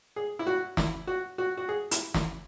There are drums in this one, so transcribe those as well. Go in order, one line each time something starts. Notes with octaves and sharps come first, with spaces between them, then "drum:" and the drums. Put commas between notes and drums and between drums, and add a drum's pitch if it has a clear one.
G#4
E4
F#4
E4, drum: snare
F#4
F#4
F#4
G#4
E4, drum: hi-hat
E4, drum: snare